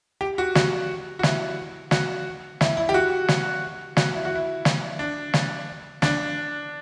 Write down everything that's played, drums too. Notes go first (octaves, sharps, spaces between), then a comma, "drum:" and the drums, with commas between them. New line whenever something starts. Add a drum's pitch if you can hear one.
G4
F#4
F#4, drum: snare
F#4
E4, drum: snare
F#4, drum: snare
E4, drum: snare
E4
G4
F#4
drum: snare
F#4, drum: snare
E4
F#4
E4
drum: snare
D4
drum: snare
D4, drum: snare